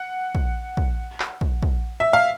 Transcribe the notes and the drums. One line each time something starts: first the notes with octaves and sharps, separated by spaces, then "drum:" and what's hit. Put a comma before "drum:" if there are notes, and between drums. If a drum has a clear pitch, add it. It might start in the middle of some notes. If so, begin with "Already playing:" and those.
Already playing: F#5
drum: kick
drum: kick
drum: clap
drum: kick
drum: kick
E5
F5